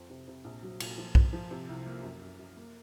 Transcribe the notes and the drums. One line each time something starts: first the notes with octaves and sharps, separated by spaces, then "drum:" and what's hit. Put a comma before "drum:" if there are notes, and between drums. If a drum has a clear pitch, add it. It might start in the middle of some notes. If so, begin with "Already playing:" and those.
Already playing: F2
C3
C3
A#1
F#3
A#2, drum: cymbal
F3
F3, drum: kick B1
F3
C3
C2
A#3
F#2
F#2
F#2
A#3